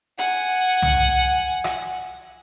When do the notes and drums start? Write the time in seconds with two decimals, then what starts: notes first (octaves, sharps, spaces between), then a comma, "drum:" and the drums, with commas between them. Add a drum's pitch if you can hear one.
0.19 F#5 G#5, drum: hi-hat
0.82 drum: tom C2
1.64 drum: rim click